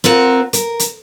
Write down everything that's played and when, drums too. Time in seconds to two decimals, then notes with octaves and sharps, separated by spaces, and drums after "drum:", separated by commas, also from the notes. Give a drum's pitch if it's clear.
0.04 C4 F4 A#4 F#5
0.53 A#4, drum: hi-hat
0.79 drum: hi-hat